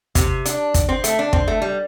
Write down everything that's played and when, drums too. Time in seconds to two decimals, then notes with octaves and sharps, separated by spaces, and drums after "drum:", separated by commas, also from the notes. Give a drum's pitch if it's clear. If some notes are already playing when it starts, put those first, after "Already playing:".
0.15 C3, drum: kick, hi-hat
0.45 D4, drum: hi-hat
0.74 drum: kick, hi-hat
0.89 C4
1.04 A3, drum: hi-hat
1.19 D4
1.33 C4, drum: kick
1.48 A3
1.62 G3